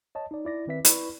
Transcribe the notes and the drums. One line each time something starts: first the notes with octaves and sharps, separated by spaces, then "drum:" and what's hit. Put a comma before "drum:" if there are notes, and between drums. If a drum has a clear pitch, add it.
C#5 D#5 A5
D#4 D5
E4 D5 A#6
D#3 C4 B4 E5 B6
E4 B4 D5 B5 C#6, drum: hi-hat